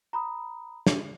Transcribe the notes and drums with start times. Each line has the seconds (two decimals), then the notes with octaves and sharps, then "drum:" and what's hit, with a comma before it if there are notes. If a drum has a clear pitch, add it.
0.13 A#5 B5 D#6
0.87 drum: snare